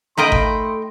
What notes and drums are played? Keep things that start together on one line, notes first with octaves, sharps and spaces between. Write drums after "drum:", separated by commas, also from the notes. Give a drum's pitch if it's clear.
A3 D#4 A#4 D#5 F5 G5 B5 C6
drum: kick G1